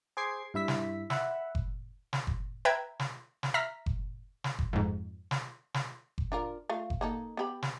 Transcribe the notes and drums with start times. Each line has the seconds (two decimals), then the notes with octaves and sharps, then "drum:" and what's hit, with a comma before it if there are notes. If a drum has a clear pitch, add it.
0.17 G#4 C5 D6 G#6 C7
0.54 G2 E4 E5 B6
0.68 drum: snare
1.10 E5 F#5 B5, drum: snare
1.55 drum: kick F#1
2.13 drum: snare
2.27 drum: kick F#1
2.65 B4 E5 G5 A#5 G#6
2.99 drum: snare
3.43 drum: snare
3.54 E5 A#5 F6 A#6 B6
3.86 drum: kick F#1
4.44 drum: snare
4.59 drum: kick F#1
4.73 F2 G#2
5.31 drum: snare
5.74 drum: snare
6.18 drum: kick F#1
6.32 D4 F4 A#4
6.70 A3 F4 F5
6.90 drum: kick F#1
7.01 A#3 D#4 A4
7.37 B3 G4 B5
7.62 drum: snare